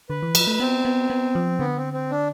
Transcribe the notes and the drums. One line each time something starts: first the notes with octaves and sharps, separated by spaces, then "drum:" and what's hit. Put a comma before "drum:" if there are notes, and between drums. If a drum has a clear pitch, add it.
D3 B4
E3
F3, drum: cymbal
A3
B3 C4
B3
B3
F3
D3 B3
C4
C4
D4